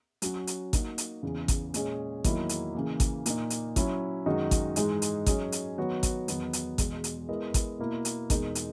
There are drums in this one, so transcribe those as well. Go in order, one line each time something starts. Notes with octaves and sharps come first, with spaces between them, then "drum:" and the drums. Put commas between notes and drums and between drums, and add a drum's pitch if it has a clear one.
F#3 C#4 F#4, drum: hi-hat
drum: hi-hat
A#3 D#4 F#4, drum: kick G#1, hi-hat
drum: hi-hat
E2 C#3 E3
drum: kick G#1, hi-hat
A#2 G#3 C#4 G#4 D#5, drum: hi-hat
E2 D#3 F#3 A#3 E4, drum: kick G#1, hi-hat
drum: hi-hat
C#3 E3 A#3
drum: kick G#1, hi-hat
A#2 A#3 D#4, drum: hi-hat
drum: hi-hat
F#3 C#4 E4, drum: kick G#1, hi-hat
F#2 D#3 G#3 D#4 F#4
drum: kick G#1, hi-hat
G#2 E3 G#3 D#4 G#4, drum: hi-hat
drum: hi-hat
F#3 C#4 G#4 D#5, drum: kick G#1, hi-hat
drum: hi-hat
D#3 F#3 B3 F#4 C#5
drum: kick G#1, hi-hat
E2 D#3 F#3 B3, drum: hi-hat
drum: hi-hat
E2 B2 G#3, drum: kick G#1, hi-hat
drum: hi-hat
G#3 B3 E4 A#4 D#5
drum: kick G#1, hi-hat
B2 A#3 E4
drum: hi-hat
E2 B2 G#3 D#4 A#4, drum: kick G#1, hi-hat
drum: hi-hat